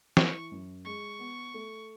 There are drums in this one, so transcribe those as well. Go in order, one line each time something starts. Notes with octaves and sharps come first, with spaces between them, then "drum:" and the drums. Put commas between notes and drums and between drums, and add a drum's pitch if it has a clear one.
E3 C#6, drum: snare
F#2
G#3 C#6
B3
A3